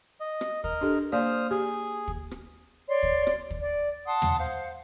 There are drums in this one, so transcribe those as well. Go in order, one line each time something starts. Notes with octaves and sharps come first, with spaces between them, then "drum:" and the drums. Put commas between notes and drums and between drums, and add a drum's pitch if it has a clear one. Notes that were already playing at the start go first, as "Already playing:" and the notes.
D#5
drum: rim click
A#4 D#5 F6, drum: kick
D4 G4 A4
A#3 C5 D5 F5 D#6 F6
G4 G#4
drum: kick
drum: rim click
C#5 D5 C6
drum: kick
drum: rim click
drum: kick
D5
F#5 A5 C6 D#6
drum: tom
C5 F5 F#5